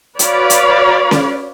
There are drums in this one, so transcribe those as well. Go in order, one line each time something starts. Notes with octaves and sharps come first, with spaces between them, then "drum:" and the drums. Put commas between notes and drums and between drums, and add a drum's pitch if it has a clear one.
F#4 B4 C#5 D5 F5 B5, drum: hi-hat
drum: hi-hat
drum: snare C#4